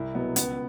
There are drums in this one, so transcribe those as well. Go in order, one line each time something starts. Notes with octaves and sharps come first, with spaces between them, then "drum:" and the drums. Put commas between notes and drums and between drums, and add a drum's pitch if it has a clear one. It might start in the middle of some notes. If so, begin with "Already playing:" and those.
Already playing: C2 E4
B2 F#3 B3
C#2 B3, drum: hi-hat